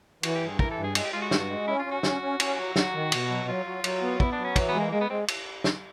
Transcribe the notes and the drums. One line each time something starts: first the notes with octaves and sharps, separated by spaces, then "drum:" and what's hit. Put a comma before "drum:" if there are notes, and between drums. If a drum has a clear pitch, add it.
E3 F#4, drum: cymbal
G4
G2
G#4
E3 A#4, drum: kick
A4
G2
G#4
G#3 G#4, drum: cymbal
G4
G#3 F4
F#4
G2, drum: snare
G#3
C#4 E4
F4
C#4
F#4
C#4, drum: snare
C#4
C#4, drum: cymbal
F#3
F#3 F#4, drum: snare
D#3
B2, drum: cymbal
F#3
F#3 F4
F#3
F#3, drum: cymbal
B3
B3 E4, drum: kick
D4
F#3
C#4
E3, drum: kick, cymbal
B3
G#3
A#3
G#3 A#3
B3
G#3 C4
drum: cymbal
drum: snare